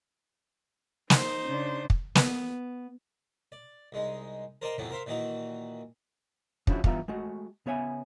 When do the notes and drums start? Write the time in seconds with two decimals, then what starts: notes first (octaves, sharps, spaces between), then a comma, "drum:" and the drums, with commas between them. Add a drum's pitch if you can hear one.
1.10 D#4 C5, drum: snare
1.45 C#3 D4
1.90 drum: kick
2.15 B3, drum: snare
3.52 D5
3.92 C2 G#3 D#4
4.62 A#4 C5 D5 D#5 G5 A#5
4.78 F2 A2 C3 E3 F#3 B3
4.91 A#4 C5 E5 F5
5.06 A#2 D#3 E3 D#4 F#4
6.67 C#3 F3 D4 E4 F#4, drum: kick
6.84 G2 E3 B3 F4 E5 A#5, drum: kick
7.08 G#3 A3 F#4
7.66 C#3 B3 C#5 E5 G#5